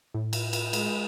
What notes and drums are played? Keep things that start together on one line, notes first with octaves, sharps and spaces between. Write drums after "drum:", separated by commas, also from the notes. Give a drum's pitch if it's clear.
A2
drum: cymbal
drum: cymbal
G#3, drum: cymbal